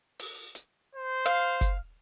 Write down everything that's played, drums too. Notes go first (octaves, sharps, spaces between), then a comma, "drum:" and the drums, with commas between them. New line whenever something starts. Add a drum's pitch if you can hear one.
drum: open hi-hat
drum: hi-hat
C5
F5
drum: kick F#1, hi-hat